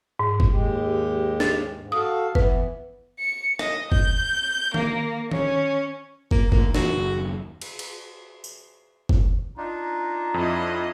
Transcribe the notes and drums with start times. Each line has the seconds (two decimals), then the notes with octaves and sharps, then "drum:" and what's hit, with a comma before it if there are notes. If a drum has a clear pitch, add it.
0.19 G#2
0.40 drum: kick
0.51 D#2 G#3 G4
1.40 A6, drum: snare
1.74 G#2
1.92 F#4 A4 F5 D#6
2.35 E3 B3 B4, drum: kick
3.19 C#7
3.59 D#5, drum: rim click
3.92 G6, drum: kick
4.74 A#3, drum: tom D#3
5.32 C#4, drum: tom D#3
6.31 A#3, drum: kick
6.52 D2 A#3, drum: kick
6.75 A#2 E3 F#4, drum: snare
6.89 F#1 D#2
7.62 drum: cymbal
7.79 drum: cymbal
8.44 drum: tambourine
9.09 drum: kick
9.57 D4 D#4 F4 A#5
10.34 F2 E4 D#5